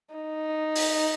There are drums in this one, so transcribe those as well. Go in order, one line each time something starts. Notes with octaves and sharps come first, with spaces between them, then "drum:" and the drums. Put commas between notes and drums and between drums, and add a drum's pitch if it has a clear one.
D#4
drum: open hi-hat